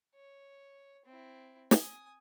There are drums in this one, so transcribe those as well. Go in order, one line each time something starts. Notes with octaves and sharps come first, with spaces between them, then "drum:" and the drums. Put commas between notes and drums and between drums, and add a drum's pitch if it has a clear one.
C#5
C4 E4
G#5 D#6, drum: snare